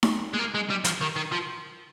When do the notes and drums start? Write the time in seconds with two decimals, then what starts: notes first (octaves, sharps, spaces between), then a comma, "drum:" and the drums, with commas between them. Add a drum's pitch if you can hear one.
0.03 drum: snare D#4
0.34 G#3
0.39 A#3
0.54 G#3
0.70 G3
0.84 F3, drum: hi-hat
1.01 D#3
1.16 D#3
1.32 F3